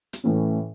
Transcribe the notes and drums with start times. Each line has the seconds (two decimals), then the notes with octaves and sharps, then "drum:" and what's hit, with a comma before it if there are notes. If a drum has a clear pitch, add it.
0.13 drum: hi-hat
0.24 A2 E3 A3 C#4 E4